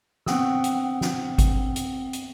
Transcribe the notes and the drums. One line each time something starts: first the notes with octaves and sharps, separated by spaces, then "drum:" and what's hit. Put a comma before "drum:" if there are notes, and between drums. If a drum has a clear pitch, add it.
B3 C4 F#5 G5 D#6 E6, drum: snare
drum: hi-hat
drum: snare
drum: kick G#1, hi-hat
drum: hi-hat
drum: hi-hat